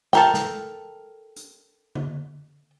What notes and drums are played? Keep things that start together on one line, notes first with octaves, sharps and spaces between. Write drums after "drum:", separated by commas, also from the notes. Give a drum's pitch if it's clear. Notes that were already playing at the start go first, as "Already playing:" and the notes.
A4 A#4 G5, drum: snare
drum: snare
drum: hi-hat
drum: tom D3